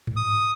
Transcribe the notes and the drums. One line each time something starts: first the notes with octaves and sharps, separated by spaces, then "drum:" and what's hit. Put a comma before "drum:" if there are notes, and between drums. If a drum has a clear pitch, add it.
drum: tom G#2
D#6